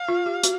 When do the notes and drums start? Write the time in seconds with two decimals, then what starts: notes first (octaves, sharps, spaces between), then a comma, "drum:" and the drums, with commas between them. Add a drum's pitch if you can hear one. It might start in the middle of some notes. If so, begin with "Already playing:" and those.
Already playing: F5
0.09 F4
0.26 G4
0.43 F#4, drum: hi-hat